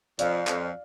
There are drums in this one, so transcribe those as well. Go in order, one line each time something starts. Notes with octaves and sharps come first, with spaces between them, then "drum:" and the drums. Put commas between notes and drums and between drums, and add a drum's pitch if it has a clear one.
F2 D5 F5, drum: hi-hat
F2, drum: clap